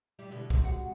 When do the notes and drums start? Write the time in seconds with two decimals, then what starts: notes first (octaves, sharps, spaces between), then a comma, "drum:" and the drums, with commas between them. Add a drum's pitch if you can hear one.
0.19 G3 E4 G4
0.31 B2 D3 E4
0.50 C3 G#3 F#4, drum: kick
0.64 F#5